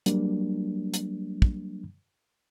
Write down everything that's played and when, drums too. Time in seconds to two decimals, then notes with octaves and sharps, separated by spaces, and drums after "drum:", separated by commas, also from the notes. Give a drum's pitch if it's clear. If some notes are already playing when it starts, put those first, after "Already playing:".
0.06 F#3 G3 A#3 D4, drum: hi-hat
0.94 drum: hi-hat
1.42 drum: kick